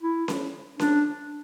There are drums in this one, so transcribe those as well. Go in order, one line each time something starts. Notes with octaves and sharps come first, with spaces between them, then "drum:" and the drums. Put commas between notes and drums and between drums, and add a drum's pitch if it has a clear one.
E4
drum: snare C#4
D4, drum: snare C#4